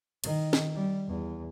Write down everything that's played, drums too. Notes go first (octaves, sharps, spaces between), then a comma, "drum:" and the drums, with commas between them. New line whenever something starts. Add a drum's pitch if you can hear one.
D#3, drum: cymbal
drum: snare
G3
E2